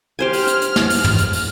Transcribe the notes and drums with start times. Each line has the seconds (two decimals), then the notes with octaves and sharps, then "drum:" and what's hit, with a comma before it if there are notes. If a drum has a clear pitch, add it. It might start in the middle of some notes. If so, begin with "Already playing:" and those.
0.19 G4 C5 G#5 F6
0.33 drum: open hi-hat
0.47 drum: hi-hat
0.62 drum: hi-hat
0.76 drum: snare
0.90 drum: open hi-hat
1.04 drum: tom
1.19 drum: hi-hat
1.33 drum: open hi-hat